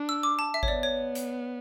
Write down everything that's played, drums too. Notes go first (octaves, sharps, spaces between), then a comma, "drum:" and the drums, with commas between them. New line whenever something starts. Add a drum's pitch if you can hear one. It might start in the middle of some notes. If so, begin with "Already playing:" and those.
Already playing: D4
E6
D6
A5
E5
C#5, drum: kick G#1
B3 D5
C#5
drum: hi-hat